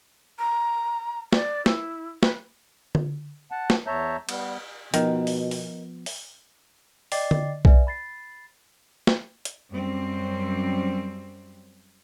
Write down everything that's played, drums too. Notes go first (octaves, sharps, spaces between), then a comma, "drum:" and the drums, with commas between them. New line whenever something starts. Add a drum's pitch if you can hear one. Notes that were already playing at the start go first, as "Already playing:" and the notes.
A#5
D5, drum: snare
E4, drum: snare
B4, drum: snare
drum: tom D3
F#5 A5
drum: snare
E2 C#5 E5 A5 A#5 G6
G3 B3, drum: cymbal
B2 D#3 F3 B3, drum: hi-hat
drum: open hi-hat
drum: open hi-hat
drum: open hi-hat
D5 D#5 G5 D6 A6 C7, drum: open hi-hat
drum: tom D3
B4 D5 E5 G#5, drum: kick B1
B5 A6 C7
drum: snare
drum: hi-hat
F#2 G3 C4